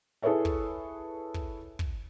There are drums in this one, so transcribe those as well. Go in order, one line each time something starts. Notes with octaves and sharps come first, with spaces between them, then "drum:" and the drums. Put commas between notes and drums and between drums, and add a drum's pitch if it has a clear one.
E4 G#4 A4 B4 C#5 E5
drum: kick
drum: kick
drum: kick